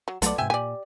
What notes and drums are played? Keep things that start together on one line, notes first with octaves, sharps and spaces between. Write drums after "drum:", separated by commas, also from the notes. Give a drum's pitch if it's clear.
F#3
B1 F#3 A3 B3 F4 A4 D5, drum: hi-hat
G#2 C3 E5 G5 G#5
A#2 G4 D5 G#5